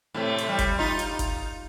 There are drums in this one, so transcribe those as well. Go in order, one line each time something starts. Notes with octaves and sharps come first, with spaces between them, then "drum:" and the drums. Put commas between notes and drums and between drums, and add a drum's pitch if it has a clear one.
A2 C3 A3
drum: hi-hat
G3
drum: kick F#1, hi-hat
D#4 F4
drum: hi-hat
drum: kick F#1, hi-hat